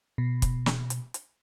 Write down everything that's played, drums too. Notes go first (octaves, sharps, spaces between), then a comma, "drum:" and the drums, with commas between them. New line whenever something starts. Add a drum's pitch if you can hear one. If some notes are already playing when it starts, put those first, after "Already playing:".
B2
drum: kick, hi-hat
drum: snare
drum: hi-hat
drum: hi-hat